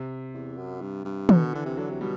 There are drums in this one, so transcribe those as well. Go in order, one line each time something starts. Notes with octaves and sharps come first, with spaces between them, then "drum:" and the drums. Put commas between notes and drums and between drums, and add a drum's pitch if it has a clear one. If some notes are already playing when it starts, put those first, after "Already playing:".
Already playing: C3
E2
F#2
G2
G2
B2 D3, drum: tom
D3 E3
C3
D3 F#3
C3
B2 G3